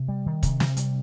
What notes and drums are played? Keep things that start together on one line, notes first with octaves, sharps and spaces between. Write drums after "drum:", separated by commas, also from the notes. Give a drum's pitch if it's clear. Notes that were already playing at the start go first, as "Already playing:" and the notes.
Already playing: C3
G3
D#3
C3, drum: kick, hi-hat
C3, drum: snare
G3, drum: hi-hat